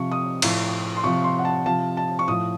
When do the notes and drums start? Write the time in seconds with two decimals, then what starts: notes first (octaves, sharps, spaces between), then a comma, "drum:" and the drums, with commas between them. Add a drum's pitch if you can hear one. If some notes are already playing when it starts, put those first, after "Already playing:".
Already playing: C3 F3 C#6
0.11 D#6
0.42 A2 F3, drum: cymbal
0.97 C6
1.04 C3 F3 C#6
1.24 C6
1.39 F#5
1.45 A5
1.66 C3 F3 A5
1.97 A5
2.19 C#6
2.28 A2 F3 D#6